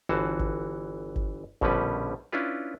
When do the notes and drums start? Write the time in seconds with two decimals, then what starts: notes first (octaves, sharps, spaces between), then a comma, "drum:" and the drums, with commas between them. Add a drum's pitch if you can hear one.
0.09 G1 E3 F#4 C5 A5
0.39 drum: kick G1
1.16 drum: kick G1
1.61 A#1 B2 D3 G3 C#4 B4, drum: kick G1
2.32 C#4 D4 E4 F4 B4